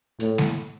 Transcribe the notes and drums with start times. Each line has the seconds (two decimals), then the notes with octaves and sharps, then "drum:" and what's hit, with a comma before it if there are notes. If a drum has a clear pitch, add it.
0.20 A2, drum: hi-hat
0.38 drum: snare G#3